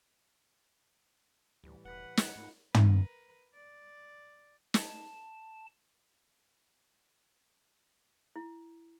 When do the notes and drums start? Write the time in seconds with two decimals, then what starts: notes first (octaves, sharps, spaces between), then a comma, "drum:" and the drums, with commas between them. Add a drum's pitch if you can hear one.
1.64 D2 A2 E3 G3
1.85 E1 B4 F#5
2.17 F#3, drum: snare
2.36 G#2 A#3 D#4 F4 B5
2.74 A#4 B4, drum: tom
3.54 D5
4.74 A5, drum: snare
8.36 E4